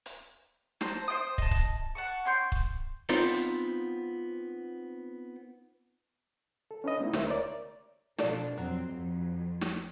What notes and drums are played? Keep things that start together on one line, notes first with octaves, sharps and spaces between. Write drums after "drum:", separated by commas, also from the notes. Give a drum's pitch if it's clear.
drum: hi-hat
C5 A5 A#5, drum: snare
C5 D#5 G5 D#6
D#5 A5, drum: kick
drum: kick
F#5 A5 C#6
C#4 G5 C6 G6
drum: kick
B3 C4 D#4 F4 C5, drum: open hi-hat
drum: hi-hat
A4
C#4 D4 B4 D#5
G#3 A3 B3 D#4 E4
D2 A#4 C5 E5, drum: snare
A#4 C#5 D5
B2 F3 D4 A4 D5, drum: snare
F2 F#3 C4
F2
drum: snare